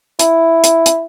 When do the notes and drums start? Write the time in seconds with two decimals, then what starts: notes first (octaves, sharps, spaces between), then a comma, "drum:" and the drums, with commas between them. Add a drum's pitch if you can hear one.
0.19 E4, drum: hi-hat
0.64 drum: hi-hat
0.86 drum: hi-hat